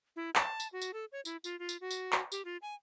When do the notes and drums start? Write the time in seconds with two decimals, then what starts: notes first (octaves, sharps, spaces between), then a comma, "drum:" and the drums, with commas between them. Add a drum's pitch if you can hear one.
0.16 E4
0.35 A5, drum: clap
0.60 drum: tambourine
0.72 F#4
0.82 drum: tambourine
0.93 A4
1.12 C#5
1.25 E4, drum: tambourine
1.44 F4, drum: tambourine
1.59 F4
1.69 drum: tambourine
1.81 F#4
1.91 drum: tambourine
2.12 drum: clap
2.32 G4, drum: tambourine
2.45 F4
2.62 G#5